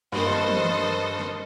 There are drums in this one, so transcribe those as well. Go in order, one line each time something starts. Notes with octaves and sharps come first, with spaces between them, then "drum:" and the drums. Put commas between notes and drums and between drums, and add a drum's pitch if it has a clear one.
G2 A#3 A4 C5 D#5
drum: snare
drum: tom
drum: snare